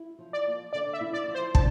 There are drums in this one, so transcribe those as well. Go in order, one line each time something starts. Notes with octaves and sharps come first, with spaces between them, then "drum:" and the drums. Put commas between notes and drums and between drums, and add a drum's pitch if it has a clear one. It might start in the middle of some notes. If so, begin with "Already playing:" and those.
Already playing: E4
F3
D5
A#3
D3 D5
E5
E4
D5
F3
C5
D4 A5, drum: kick